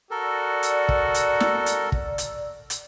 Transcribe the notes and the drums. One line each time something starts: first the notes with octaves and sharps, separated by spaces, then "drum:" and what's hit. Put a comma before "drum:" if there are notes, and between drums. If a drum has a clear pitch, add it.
F#4 A4 A#4 D5 E6
drum: hi-hat
drum: kick
drum: hi-hat
drum: snare
drum: hi-hat
drum: kick
drum: hi-hat
drum: hi-hat